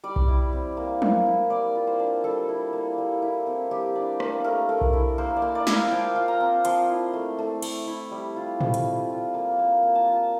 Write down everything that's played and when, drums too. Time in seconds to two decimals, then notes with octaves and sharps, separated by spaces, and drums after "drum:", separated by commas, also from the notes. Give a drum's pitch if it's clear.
0.04 G3 D5
0.16 drum: kick B1
0.28 E4
0.53 C4
0.77 A#3
1.02 A#3, drum: tom
1.26 E4
1.50 G3 D5
1.75 F4
1.87 C5
1.99 D4
2.24 G3 A4
2.49 E4
2.73 A#3
2.98 G3
3.22 E4
3.47 C4
3.71 G3 G4
3.95 D4
4.20 A#3, drum: rim click
4.44 A3 A#4
4.69 A3
4.81 drum: kick B1
4.93 E4
5.18 A#3 C5
5.36 D5
5.42 A#3
5.55 D5
5.67 E4, drum: snare
5.73 F5
5.91 F3 G5
6.16 F4
6.28 A#5
6.40 C4
6.65 F3 C6, drum: hi-hat
6.89 E4
7.14 A3
7.39 A3
7.62 A3, drum: cymbal
7.87 E4
8.11 G3
8.36 F4
8.61 C4, drum: tom
8.74 drum: hi-hat
8.85 G3
9.10 F4
9.34 A#3
9.59 A#3
9.83 A#3
9.95 A5
10.08 F4